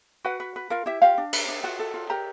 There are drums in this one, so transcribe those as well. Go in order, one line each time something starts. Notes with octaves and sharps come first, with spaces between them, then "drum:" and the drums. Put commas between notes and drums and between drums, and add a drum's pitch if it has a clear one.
F#4 B4 F#5
B4
B4
F4 A#4 F5
E4 G4 E5
F4 G4 F5
D4
B4, drum: cymbal
D4
F4 F#4 F#5
A4
F4
G4 A#4 A#5